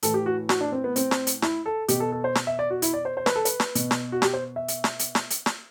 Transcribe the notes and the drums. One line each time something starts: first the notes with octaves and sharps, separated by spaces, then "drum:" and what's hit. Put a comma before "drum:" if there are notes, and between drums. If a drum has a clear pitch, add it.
A2 E3 A4, drum: hi-hat
G4
F#4
F#4, drum: snare
D4
C4
B3
C4, drum: hi-hat
drum: snare
drum: hi-hat
E4, drum: snare
A4
B2 G4, drum: hi-hat
A4
A4
C5
drum: snare
E5
D5
F#4
E4, drum: hi-hat
D5
C5
C5
B4, drum: snare
A4
B4, drum: hi-hat
drum: snare
B2, drum: hi-hat
drum: snare
F#4
G4, drum: snare
C5
E5
drum: hi-hat
drum: snare
drum: hi-hat
drum: snare
drum: hi-hat
drum: snare